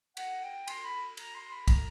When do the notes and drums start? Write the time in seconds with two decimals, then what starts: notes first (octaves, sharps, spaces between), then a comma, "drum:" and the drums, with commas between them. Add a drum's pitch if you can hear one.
0.17 F#5, drum: cymbal
0.43 G5
0.68 C6, drum: cymbal
0.84 B5
1.17 A#5, drum: cymbal
1.34 C6
1.51 B5
1.68 A#5, drum: kick, cymbal